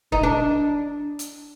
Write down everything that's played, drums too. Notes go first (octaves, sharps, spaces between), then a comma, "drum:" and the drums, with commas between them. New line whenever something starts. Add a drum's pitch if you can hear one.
D#4, drum: kick
D4
drum: hi-hat